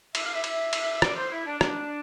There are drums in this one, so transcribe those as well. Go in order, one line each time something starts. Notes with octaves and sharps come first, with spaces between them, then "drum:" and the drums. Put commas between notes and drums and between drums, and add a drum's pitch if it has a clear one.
E5, drum: cymbal
F5
E5
E5, drum: cymbal
drum: cymbal
D5, drum: rim click
C5
E4
D4
D4, drum: rim click